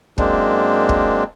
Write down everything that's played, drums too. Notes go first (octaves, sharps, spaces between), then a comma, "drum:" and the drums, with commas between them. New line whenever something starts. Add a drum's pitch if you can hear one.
F#2 G#3 A#3 C4 D4, drum: kick
drum: kick